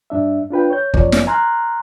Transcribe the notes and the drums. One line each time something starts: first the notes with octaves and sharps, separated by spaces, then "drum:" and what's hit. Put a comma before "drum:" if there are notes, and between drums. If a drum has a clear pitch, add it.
G2 D4 E5
D4 F4 B4 G5
C#5 G6
F#2 F3 A#3 C#4 C#5 D5, drum: kick
drum: snare
G#5 A#5 C6 F6 F#6